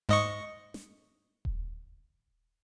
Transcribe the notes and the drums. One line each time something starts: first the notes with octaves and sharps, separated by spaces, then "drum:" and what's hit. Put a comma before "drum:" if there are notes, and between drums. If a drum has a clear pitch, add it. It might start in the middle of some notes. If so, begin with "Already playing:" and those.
G#2 D#5 C#6, drum: snare
drum: snare
drum: kick D#1